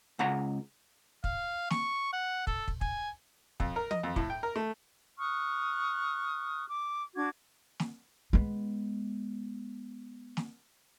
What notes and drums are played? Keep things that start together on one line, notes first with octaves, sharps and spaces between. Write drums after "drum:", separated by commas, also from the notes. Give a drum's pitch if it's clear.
C#2 F#5 A#5
F5, drum: kick
C#6, drum: snare
F#5
A4, drum: kick
drum: kick
G#5, drum: kick
F2, drum: kick
A#4
D#5, drum: tom
F2
A2, drum: kick
G5
A#4
A3
C#6 D#6 F6 F#6
D6
D4 F#4 D6 G#6
drum: snare
G#3 B3
drum: snare